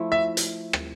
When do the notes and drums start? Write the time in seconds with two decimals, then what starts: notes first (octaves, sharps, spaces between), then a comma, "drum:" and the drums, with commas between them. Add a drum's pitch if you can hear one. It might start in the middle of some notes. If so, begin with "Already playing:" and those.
Already playing: F3 A3 E4
0.12 E5
0.37 drum: hi-hat
0.73 drum: rim click